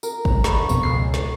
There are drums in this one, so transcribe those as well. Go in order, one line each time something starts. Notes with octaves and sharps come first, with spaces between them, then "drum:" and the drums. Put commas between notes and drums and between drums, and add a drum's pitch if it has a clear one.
A#4, drum: tambourine
drum: kick G1
D2 A#5 B5 C#6, drum: snare
F2 B2, drum: tambourine
C#2 C7
drum: snare